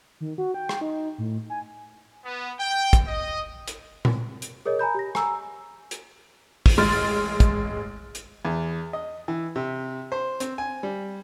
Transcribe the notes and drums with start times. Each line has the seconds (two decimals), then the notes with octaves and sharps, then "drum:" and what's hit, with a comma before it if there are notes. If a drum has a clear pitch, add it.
0.21 D#3
0.38 F#4
0.54 G5
0.69 drum: rim click
0.81 D#4
1.18 A2
1.50 G#5
2.25 B3
2.60 G5
2.93 drum: kick, hi-hat
3.08 D#5
3.68 drum: hi-hat
4.05 drum: tom A#2
4.42 drum: hi-hat
4.66 G#4 A#4 C#5 D#5
4.79 G#5 A#5 B5 G6
4.95 G4 A#6
5.15 G#5 A#5 E6, drum: rim click
5.91 drum: hi-hat
6.66 drum: kick, open hi-hat
6.77 A1 G#3 C6 F6 A6
7.40 drum: kick, hi-hat
8.15 drum: hi-hat
8.45 E2
8.93 D#5
9.28 E3
9.56 C3
10.12 C5
10.40 C4, drum: hi-hat
10.58 G#5
10.83 G3